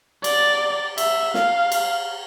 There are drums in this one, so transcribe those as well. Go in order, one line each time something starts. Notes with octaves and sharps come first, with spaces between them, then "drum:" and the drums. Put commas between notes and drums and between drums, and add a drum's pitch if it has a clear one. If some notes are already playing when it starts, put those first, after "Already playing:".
D5, drum: cymbal
E5, drum: cymbal
F5, drum: snare
drum: cymbal